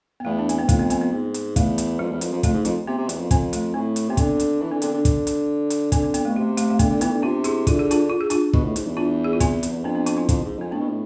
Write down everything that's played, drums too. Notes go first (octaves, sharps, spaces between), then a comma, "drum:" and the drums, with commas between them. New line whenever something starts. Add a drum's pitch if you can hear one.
B3
E2 A3
D4
C4, drum: hi-hat
B3
G#2
F2 A3, drum: kick, hi-hat
B3
C4, drum: hi-hat
B3
G#2
drum: hi-hat
E2 A3, drum: kick, hi-hat
drum: hi-hat
F2 G#3
E2
F2, drum: hi-hat
F2
F2 A3, drum: kick, hi-hat
G#2
F2, drum: hi-hat
C3 B3
C3
E2, drum: hi-hat
F2
F2 C4, drum: kick, hi-hat
A3, drum: hi-hat
A2 C4
drum: hi-hat
C3 B3
D3 C4, drum: kick, hi-hat
drum: hi-hat
E3 D4
D3 C4
D3 B3 D4, drum: hi-hat
D3
drum: kick, hi-hat
drum: hi-hat
drum: hi-hat
D3 C4, drum: kick, hi-hat
C4
B3, drum: hi-hat
A3
B2
C3 A3
A3, drum: hi-hat
A3
D3 B3, drum: kick, hi-hat
D3
E3 B3, drum: hi-hat
D3
C3 D4 F4
E4 G#4, drum: hi-hat
D3 F4, drum: kick, hi-hat
G#4
D4 F4, drum: hi-hat
F4
G#4
D4 F4, drum: hi-hat
B2, drum: kick
A2
G#2, drum: hi-hat
E2
D4 F4
G#4
F4
C4 E4, drum: kick, hi-hat
drum: hi-hat
E2
F2 B3 D4
B3 D4
D4 F4, drum: hi-hat
C4 E4
F2, drum: kick, hi-hat
G#2
F2 C4
A2 B3 D4
B2
A2